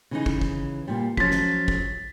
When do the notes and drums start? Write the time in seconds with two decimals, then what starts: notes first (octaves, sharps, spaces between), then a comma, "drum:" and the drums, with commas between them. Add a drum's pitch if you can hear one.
0.11 C#3 E3 D#4
0.26 drum: kick
0.41 drum: kick
0.88 A#2 G3
1.17 F3 F#3 C#4 A6 B6, drum: kick
1.31 drum: snare
1.68 drum: kick